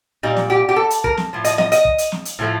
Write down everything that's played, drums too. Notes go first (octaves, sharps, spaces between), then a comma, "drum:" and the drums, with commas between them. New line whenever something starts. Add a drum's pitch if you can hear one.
A#2 G3 D#4
drum: snare
G4
G4
A4
drum: hi-hat
A#4, drum: kick
drum: snare
A2 F3
D#5, drum: hi-hat
D#5, drum: snare
D#5, drum: hi-hat
drum: kick
drum: hi-hat
drum: snare
drum: hi-hat
A2 F3 A3